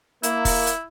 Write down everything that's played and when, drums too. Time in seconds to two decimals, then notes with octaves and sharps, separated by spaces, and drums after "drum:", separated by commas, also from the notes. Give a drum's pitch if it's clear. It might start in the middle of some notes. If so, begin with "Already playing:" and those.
0.23 A#3 E4, drum: hi-hat
0.45 drum: kick, open hi-hat
0.67 drum: hi-hat